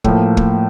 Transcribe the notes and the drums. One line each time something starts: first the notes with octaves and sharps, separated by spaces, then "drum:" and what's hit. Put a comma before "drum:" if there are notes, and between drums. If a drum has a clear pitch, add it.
A2 F3 A#3, drum: kick
drum: kick